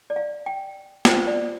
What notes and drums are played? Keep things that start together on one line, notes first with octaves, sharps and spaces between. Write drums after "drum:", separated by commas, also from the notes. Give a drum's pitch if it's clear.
D5
F5
G5
F4 C5 G5, drum: snare
D5